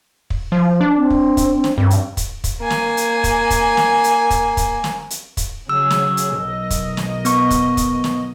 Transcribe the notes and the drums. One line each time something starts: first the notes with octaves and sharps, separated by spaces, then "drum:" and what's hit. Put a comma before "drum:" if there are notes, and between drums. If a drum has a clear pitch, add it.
drum: kick
F3
D4
C4
drum: kick
drum: kick, hi-hat
drum: snare
G2
drum: hi-hat
drum: kick, hi-hat
drum: kick, hi-hat
A#3 G#5
drum: snare
drum: hi-hat
drum: kick, hi-hat
drum: kick, hi-hat
drum: snare
drum: hi-hat
drum: kick, hi-hat
drum: kick, hi-hat
drum: snare
drum: hi-hat
drum: kick, hi-hat
C#3 F#3 G#4 E6
drum: snare
drum: hi-hat
B1 A#4 D#5
drum: kick, hi-hat
drum: snare
B3 C#6, drum: hi-hat
drum: kick, hi-hat
drum: kick, hi-hat
drum: snare